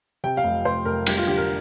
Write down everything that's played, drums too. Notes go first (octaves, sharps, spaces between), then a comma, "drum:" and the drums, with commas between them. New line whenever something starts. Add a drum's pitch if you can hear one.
C3 G5
F5
F1
F1 C5
F1 A#4
G3 G4, drum: cymbal
F4
D3 G4
A#4